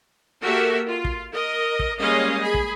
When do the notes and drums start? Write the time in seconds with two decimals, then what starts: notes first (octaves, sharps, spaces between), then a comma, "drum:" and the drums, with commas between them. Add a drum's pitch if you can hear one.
0.43 A#3 F#4 G4 A4 A#4 E5
0.87 F4
1.05 drum: kick
1.32 A#4 D#5
1.79 drum: kick
1.98 G3 G#3 A#3 C#4 D#5 F5
2.41 G#4 B5
2.54 drum: kick